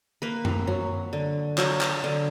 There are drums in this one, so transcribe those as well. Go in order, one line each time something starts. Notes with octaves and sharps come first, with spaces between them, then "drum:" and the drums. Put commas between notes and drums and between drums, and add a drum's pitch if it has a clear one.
A#3 B4
drum: tom F#2
F#3
D3
F#3, drum: clap
drum: clap
D3